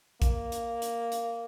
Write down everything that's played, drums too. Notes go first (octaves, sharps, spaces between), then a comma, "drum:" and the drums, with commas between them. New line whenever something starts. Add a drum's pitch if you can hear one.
A#3, drum: kick A#1, hi-hat
drum: hi-hat
drum: hi-hat
drum: hi-hat